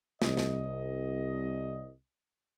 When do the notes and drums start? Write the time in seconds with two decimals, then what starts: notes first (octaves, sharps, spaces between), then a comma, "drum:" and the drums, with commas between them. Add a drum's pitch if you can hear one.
0.22 C2 D#5, drum: snare
0.37 drum: snare